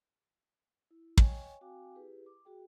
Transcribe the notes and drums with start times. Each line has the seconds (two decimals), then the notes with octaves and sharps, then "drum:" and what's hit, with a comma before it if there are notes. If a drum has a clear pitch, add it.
0.91 E4
1.17 C#5 D#5 G5 G#5 C#6, drum: kick
1.61 C4 F#4 F5 G5 G#5 D6
1.95 E4 G4 G#4 B4
2.26 D6
2.45 F#4 G#4 G5